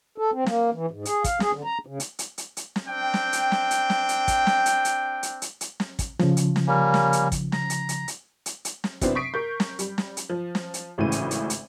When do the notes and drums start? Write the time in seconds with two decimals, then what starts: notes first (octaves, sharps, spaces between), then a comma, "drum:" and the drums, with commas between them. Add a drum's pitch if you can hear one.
0.18 A4
0.34 C4
0.46 A#3, drum: snare
0.73 E3
0.91 G#2
1.05 G#4, drum: hi-hat
1.24 F5, drum: kick, hi-hat
1.40 G#4, drum: snare
1.53 D3
1.65 A#5
1.86 C#3
2.00 drum: hi-hat
2.19 drum: hi-hat
2.38 drum: hi-hat
2.57 drum: hi-hat
2.76 drum: snare
2.87 C4 D4 G5
3.14 drum: snare
3.33 drum: hi-hat
3.52 drum: snare
3.71 drum: hi-hat
3.90 drum: snare
4.09 drum: hi-hat
4.28 drum: kick, hi-hat
4.47 drum: snare
4.66 drum: hi-hat
4.85 drum: hi-hat
5.23 drum: hi-hat
5.42 drum: hi-hat
5.61 drum: hi-hat
5.80 drum: snare
5.99 drum: kick, hi-hat
6.19 C#3 F3, drum: snare
6.37 drum: hi-hat
6.56 drum: snare
6.67 G3 A#3 C#4
6.94 drum: snare
7.13 drum: hi-hat
7.32 drum: kick, hi-hat
7.52 A#5, drum: snare
7.70 drum: hi-hat
7.89 drum: hi-hat
8.08 drum: hi-hat
8.46 drum: hi-hat
8.65 drum: hi-hat
8.84 drum: snare
9.01 F#2 C3 B3 C4 D4 E4, drum: kick, hi-hat
9.15 C#6 D#6 B6 C7 D7
9.34 A#4 C#6 G6
9.60 drum: snare
9.79 G3, drum: hi-hat
9.98 drum: snare
10.17 drum: hi-hat
10.29 F3
10.55 drum: snare
10.74 drum: hi-hat
10.98 G#1 A2 C#3 E3 D#7
11.12 drum: hi-hat
11.31 drum: hi-hat
11.50 drum: hi-hat